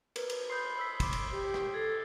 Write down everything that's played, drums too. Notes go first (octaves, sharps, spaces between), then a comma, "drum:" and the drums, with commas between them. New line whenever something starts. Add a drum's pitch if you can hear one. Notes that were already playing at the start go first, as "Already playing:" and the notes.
A#4 B4, drum: cymbal
drum: cymbal
B5 C6 D#6 G6 C7
E6 B6
C6 D6 B6 D7, drum: kick, cymbal
drum: cymbal
G4
drum: rim click
A4 G#6 A6 C7